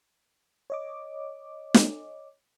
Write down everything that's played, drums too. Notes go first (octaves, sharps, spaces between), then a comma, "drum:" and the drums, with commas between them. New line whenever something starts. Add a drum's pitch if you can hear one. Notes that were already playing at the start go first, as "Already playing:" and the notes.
C#5 D#5 D6
drum: snare